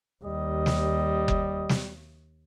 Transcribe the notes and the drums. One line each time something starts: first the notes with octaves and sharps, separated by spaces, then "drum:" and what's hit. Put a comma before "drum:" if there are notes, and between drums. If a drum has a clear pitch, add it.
D#2 G3 D#5
drum: snare
drum: kick F#1
drum: snare